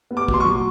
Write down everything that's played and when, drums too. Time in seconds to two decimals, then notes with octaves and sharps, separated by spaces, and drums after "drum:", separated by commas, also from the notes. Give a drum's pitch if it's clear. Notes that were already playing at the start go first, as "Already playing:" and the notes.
0.11 B3
0.17 D6
0.28 B2, drum: kick
0.34 C6
0.40 C#6
0.45 F#3